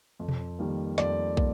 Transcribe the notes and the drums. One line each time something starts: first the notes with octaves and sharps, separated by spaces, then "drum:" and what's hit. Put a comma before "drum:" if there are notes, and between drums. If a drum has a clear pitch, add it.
F2
drum: tom B2
D#3 G3 A#3
F2 D5, drum: snare
A#3, drum: kick